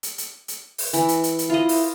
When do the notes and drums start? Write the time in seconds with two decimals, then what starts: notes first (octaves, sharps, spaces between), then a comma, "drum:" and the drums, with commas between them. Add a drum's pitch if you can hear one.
0.03 drum: hi-hat
0.18 drum: hi-hat
0.48 drum: hi-hat
0.78 drum: open hi-hat
0.93 E3, drum: hi-hat
1.08 drum: hi-hat
1.24 drum: hi-hat
1.39 drum: hi-hat
1.50 E4 F4 D#5
1.69 drum: open hi-hat